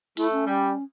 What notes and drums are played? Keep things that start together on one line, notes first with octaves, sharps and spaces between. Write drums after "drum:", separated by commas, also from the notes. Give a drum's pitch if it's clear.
A3 E4, drum: open hi-hat
C#4
G3